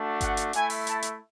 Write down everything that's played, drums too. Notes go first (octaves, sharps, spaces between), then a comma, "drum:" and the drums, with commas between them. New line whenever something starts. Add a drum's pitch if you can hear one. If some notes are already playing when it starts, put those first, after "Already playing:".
Already playing: A3 D4 F#4
F#5, drum: kick G1, hi-hat
drum: hi-hat
A3 E4 G#5, drum: hi-hat
drum: open hi-hat
A5, drum: hi-hat
drum: hi-hat